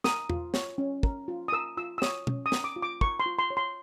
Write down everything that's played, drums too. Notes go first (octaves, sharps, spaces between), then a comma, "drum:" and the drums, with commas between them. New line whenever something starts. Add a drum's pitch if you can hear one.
A#4 D#6, drum: snare
F4, drum: tom E2
C#5, drum: snare
C#4
A#4, drum: kick
F4
D#6
A#4 E6
F4 E6
E6
C#5 D#6, drum: snare
C#4, drum: tom
D#6
A#4, drum: snare
D6
F4
D6
A#4 C#6, drum: kick
C6
F4
C6
C#5
C6